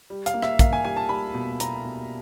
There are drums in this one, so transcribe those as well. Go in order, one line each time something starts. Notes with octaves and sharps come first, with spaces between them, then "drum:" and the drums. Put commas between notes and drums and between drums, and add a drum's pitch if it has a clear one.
G3
F5, drum: hi-hat
A#3
E5, drum: rim click
A#3 F5, drum: kick, hi-hat
G#5
G3 G#5
A5
G3 B5
B2
B2 A#5, drum: hi-hat
B2